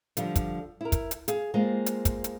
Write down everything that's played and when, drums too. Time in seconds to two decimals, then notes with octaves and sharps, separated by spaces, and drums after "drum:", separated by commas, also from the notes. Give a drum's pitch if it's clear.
0.17 D3 F3 G3, drum: hi-hat
0.36 drum: kick, hi-hat
0.81 E4 A#4
0.92 drum: kick, hi-hat
1.11 drum: hi-hat
1.28 G#4 F5, drum: hi-hat
1.54 G#3 A#3 C4 F4
1.86 drum: hi-hat
2.05 drum: kick, hi-hat
2.24 drum: hi-hat